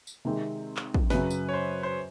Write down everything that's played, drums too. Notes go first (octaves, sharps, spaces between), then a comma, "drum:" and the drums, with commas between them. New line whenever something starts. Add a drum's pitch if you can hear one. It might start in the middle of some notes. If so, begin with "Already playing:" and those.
drum: tambourine
C3 D#3 G#3 C4
drum: clap
drum: kick
F#2 C#3 F#3 B4, drum: snare
drum: tambourine
C#5
C5
C5